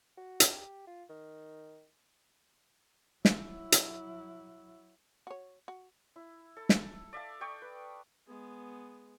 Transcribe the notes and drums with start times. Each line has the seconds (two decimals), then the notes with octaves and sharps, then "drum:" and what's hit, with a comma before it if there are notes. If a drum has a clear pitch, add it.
0.17 F#4
0.40 drum: hi-hat
0.52 G4
0.87 F4
1.09 D#3
3.25 F#3 E4, drum: snare
3.72 drum: hi-hat
5.27 F#4 C#5
5.68 F#4
6.16 E4
6.57 A4
6.69 drum: snare
7.13 D5 E5 F5 A5
7.41 D5 D#5 G5 C#6
7.62 B4
8.27 G#3 B3